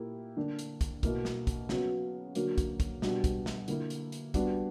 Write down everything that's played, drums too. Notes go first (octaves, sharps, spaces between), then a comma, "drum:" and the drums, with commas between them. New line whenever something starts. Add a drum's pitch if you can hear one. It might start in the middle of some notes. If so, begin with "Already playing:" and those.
Already playing: A#2 A#3 E4 G4
D3 A#3 D4
drum: hi-hat
drum: kick, hi-hat
B2 A#3 E4, drum: kick, hi-hat
drum: snare
drum: kick, hi-hat
C#3 F#3 B3 F#4, drum: snare
D3 F#3 A#3 D4 F#4, drum: hi-hat
drum: kick, hi-hat
drum: kick, hi-hat
B2 G3 B3 D4 F#4, drum: snare
drum: kick, hi-hat
drum: snare
D3 A#3 E4, drum: hi-hat
drum: hi-hat
drum: hi-hat
G3 B3 D4 F#4, drum: kick, hi-hat